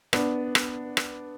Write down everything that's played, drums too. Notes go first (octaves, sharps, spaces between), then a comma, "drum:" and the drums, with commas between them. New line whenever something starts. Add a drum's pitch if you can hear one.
B3 D4, drum: rim click
drum: rim click
drum: rim click